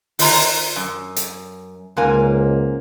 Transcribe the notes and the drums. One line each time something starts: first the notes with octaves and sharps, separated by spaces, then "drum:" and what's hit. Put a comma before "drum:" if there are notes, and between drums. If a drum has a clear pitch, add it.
D#3 F4 A#5, drum: open hi-hat
F#2
drum: hi-hat
C#2 G#2 A#3 G#5